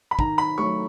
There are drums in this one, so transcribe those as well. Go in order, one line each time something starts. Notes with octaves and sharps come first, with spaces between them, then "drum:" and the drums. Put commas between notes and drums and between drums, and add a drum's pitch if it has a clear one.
B5
D#3 A#5, drum: kick
B5
F#3 A3 C#6